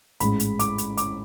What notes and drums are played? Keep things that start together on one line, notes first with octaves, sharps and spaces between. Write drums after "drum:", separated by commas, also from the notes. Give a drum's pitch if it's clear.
A1 G#2 G#3 B5, drum: hi-hat
drum: hi-hat
D6, drum: hi-hat
drum: hi-hat
D6, drum: hi-hat